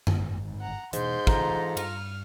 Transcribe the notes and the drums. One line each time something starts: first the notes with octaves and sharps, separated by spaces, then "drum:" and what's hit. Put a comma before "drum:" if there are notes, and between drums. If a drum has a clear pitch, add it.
drum: tom F#2
G1 G#2 D#3
F#5 A#5
G#2 B2 E3 C6 G6, drum: hi-hat
E3 F4 A4 A#5, drum: kick
G2 F6, drum: cymbal